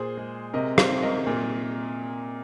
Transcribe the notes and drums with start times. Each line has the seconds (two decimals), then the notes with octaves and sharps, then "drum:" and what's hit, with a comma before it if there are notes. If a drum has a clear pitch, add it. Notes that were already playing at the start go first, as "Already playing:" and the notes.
Already playing: A#2 G#4 C5
0.17 G#3
0.53 C3 A#4 D#5
0.78 C5 F5, drum: rim click
0.90 C3
1.02 A#4 D#5
1.27 A#2